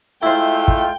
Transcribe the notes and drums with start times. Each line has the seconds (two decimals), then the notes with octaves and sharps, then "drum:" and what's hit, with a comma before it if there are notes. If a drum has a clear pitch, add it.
0.23 G#3 A3 E4 F4 C5 G5
0.68 drum: kick